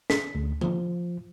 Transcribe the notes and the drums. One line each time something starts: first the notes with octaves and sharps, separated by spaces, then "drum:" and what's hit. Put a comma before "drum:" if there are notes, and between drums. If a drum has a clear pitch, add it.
B6, drum: snare
D2
F3, drum: tom D3